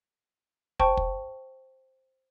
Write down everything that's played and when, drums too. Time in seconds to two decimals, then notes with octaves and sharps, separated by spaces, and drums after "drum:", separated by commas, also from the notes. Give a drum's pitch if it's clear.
0.79 C5 G5 A5 C#6, drum: kick
0.97 drum: kick